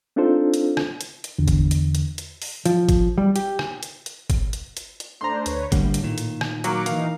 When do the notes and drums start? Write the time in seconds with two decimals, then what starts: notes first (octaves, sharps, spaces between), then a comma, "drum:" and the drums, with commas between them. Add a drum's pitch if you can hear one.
0.16 C4 D4 D#4 F4 A4 C5
0.54 drum: hi-hat
0.77 drum: rim click
1.01 drum: hi-hat
1.24 drum: hi-hat
1.39 E2 D3
1.48 drum: kick G1, hi-hat
1.71 drum: hi-hat
1.95 drum: hi-hat
2.18 drum: hi-hat
2.42 drum: open hi-hat
2.66 F3, drum: hi-hat
2.89 drum: kick G1, hi-hat
3.18 G3
3.36 G4, drum: hi-hat
3.59 drum: rim click
3.83 drum: hi-hat
4.06 drum: hi-hat
4.30 drum: kick G1, hi-hat
4.53 drum: hi-hat
4.77 drum: hi-hat
5.00 drum: hi-hat
5.21 A3 D4 C5 A#5 C6
5.46 D2 B4 C#5, drum: hi-hat
5.72 A2 D3 G3 A#3, drum: kick G1, hi-hat
5.94 drum: hi-hat
6.03 A#2 D#3
6.18 drum: hi-hat
6.41 drum: rim click
6.64 F#3 A#3 D6 C#7, drum: hi-hat
6.86 E3 D#4 A#4 F5, drum: hi-hat